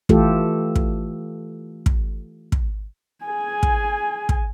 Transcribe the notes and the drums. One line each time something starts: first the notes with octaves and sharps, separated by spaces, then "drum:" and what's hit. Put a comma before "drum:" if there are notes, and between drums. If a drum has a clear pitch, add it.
E3 A3 F4 G4 A4, drum: kick
drum: kick
drum: kick
drum: kick
G#4 G#5
drum: kick
drum: kick